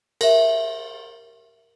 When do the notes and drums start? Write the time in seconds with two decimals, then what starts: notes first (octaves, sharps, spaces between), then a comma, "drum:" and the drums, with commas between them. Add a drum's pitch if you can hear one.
0.21 A#4 E5, drum: cymbal